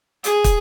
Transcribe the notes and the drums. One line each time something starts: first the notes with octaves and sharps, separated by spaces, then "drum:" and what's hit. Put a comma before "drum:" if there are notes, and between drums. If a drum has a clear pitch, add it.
G#4, drum: hi-hat
drum: kick, hi-hat